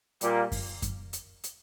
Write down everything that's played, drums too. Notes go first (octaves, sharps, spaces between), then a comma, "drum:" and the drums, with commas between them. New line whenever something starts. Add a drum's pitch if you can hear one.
A#2 G3 A#3, drum: hi-hat
drum: kick F#2, open hi-hat
drum: kick F#2, hi-hat
drum: hi-hat
drum: hi-hat